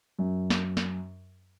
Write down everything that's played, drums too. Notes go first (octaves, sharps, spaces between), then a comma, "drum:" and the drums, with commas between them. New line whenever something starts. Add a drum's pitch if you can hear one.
F#2
drum: snare
drum: snare